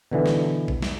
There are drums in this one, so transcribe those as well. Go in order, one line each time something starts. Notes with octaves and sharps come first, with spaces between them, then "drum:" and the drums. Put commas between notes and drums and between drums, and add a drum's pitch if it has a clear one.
B2 D3 E3
drum: snare
drum: kick
drum: snare